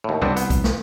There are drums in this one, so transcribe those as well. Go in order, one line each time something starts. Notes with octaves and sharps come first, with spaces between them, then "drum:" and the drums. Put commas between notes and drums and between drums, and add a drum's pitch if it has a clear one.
D#2 A2
C2 B2 B3 C4 D4
B3, drum: hi-hat
drum: kick, hi-hat
drum: snare